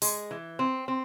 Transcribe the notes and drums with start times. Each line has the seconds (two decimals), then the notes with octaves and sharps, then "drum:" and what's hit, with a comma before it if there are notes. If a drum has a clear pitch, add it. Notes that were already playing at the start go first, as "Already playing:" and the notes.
0.02 G#3, drum: open hi-hat
0.31 E3
0.59 C4
0.88 C4